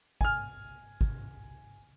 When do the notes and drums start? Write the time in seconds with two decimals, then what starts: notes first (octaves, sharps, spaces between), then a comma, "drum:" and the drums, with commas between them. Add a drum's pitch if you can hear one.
0.21 G#5 F6, drum: kick
1.01 drum: kick